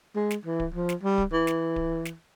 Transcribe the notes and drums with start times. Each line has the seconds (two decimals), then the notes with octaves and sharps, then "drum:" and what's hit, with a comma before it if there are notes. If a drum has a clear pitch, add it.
0.16 G#3
0.30 drum: snare
0.46 E3
0.60 drum: kick D1
0.74 F3
0.89 drum: snare
1.03 G3
1.18 drum: kick D1
1.32 E3
1.47 drum: snare
1.76 drum: kick D1
2.05 drum: snare